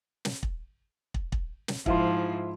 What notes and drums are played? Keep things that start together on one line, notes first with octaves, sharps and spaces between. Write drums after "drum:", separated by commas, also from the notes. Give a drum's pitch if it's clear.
drum: snare
drum: kick
drum: kick
drum: kick
drum: snare
G#2 F3 E4 F4 C6, drum: kick